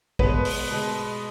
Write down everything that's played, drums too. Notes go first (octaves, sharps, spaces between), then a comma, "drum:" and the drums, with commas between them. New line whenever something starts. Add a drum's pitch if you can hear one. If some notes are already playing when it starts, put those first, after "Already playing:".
B2 G#3 B3 B4, drum: kick A#1
drum: open hi-hat
B2 G#3